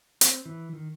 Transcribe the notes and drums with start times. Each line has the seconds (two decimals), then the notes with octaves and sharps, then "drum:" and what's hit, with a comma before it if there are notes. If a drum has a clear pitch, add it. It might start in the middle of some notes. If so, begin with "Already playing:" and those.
0.21 C4, drum: hi-hat
0.46 E3
0.73 D#3